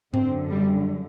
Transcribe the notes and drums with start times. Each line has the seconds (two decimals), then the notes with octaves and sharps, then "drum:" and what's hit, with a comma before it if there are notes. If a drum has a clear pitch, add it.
0.14 F#2 D3 C4, drum: tom G#2
0.50 G3